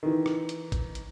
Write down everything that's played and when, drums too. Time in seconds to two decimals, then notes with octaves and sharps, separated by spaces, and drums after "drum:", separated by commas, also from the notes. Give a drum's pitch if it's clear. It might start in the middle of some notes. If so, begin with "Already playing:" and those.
0.03 D#3 E3
0.26 drum: rim click
0.49 drum: hi-hat
0.72 drum: kick, hi-hat
0.95 drum: hi-hat